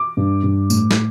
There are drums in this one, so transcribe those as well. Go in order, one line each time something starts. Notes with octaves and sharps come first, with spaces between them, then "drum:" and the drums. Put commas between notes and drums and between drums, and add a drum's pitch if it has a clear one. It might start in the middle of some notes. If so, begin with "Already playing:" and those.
Already playing: D6
G2
G2
A2, drum: tambourine
drum: snare